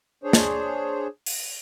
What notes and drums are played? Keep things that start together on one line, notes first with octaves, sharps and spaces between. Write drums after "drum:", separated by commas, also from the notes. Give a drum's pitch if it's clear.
D4 G#4 C5 C#5
drum: snare
drum: open hi-hat